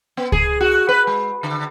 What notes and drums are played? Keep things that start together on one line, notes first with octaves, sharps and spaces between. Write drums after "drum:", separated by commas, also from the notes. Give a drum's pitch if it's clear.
B3
G#4, drum: kick C#2
F#4
B4
G#3
D3